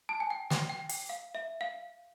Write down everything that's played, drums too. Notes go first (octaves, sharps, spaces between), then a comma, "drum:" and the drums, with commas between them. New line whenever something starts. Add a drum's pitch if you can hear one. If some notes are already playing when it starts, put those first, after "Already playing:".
A5
G#5
G5
G5, drum: snare
G5
G5, drum: open hi-hat
F5
E5
F5